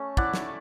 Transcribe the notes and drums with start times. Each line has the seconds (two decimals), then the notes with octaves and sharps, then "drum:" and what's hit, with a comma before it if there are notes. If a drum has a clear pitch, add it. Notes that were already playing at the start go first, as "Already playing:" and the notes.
Already playing: A3 C#4
0.17 E4 D5 F#5, drum: kick
0.34 drum: snare